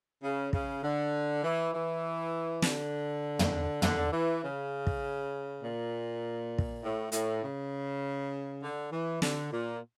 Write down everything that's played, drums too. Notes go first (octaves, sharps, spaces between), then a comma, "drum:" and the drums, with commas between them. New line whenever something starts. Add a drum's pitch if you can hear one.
C#3
C#3, drum: kick
D3
E3
E3
D3, drum: snare
drum: tom
D3, drum: tom
E3
C#3
drum: kick
A#2
drum: kick
A2
A2, drum: hi-hat
C#3
D3
E3
D3, drum: snare
A#2